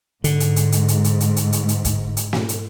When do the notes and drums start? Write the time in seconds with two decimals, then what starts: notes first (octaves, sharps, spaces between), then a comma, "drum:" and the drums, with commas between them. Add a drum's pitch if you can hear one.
0.24 G#2 D3, drum: hi-hat
0.40 drum: hi-hat
0.56 drum: hi-hat
0.72 drum: hi-hat
0.88 drum: hi-hat
1.04 drum: hi-hat
1.20 drum: hi-hat
1.36 drum: hi-hat
1.52 drum: hi-hat
1.69 drum: hi-hat
1.85 drum: kick, hi-hat
2.17 drum: hi-hat
2.33 drum: snare
2.49 drum: hi-hat